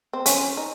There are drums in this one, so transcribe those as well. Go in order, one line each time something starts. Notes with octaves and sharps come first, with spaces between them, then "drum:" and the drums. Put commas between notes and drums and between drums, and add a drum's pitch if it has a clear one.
C4
C#4, drum: hi-hat
D#4